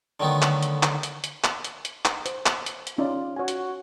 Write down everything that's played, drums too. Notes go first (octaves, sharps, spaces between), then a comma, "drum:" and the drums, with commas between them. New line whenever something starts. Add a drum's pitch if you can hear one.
D3 D#3 F#3 A3 B3
drum: clap
drum: hi-hat
drum: clap
drum: hi-hat
drum: hi-hat
drum: clap
drum: hi-hat
drum: hi-hat
drum: clap
C5, drum: hi-hat
drum: clap
drum: hi-hat
drum: hi-hat
C#4 D#4 F4 D5
F#4 C#5 G#5
drum: hi-hat